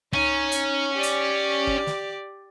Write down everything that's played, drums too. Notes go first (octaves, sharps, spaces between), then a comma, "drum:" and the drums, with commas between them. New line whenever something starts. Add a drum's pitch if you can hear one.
C#4 D#4, drum: tom
drum: hi-hat
G4 D5
drum: hi-hat
drum: kick
drum: snare